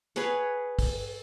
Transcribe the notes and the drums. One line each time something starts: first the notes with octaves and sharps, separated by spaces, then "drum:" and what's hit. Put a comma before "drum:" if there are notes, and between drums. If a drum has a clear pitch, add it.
G#4 B4 C#5 F#5, drum: hi-hat
drum: kick, open hi-hat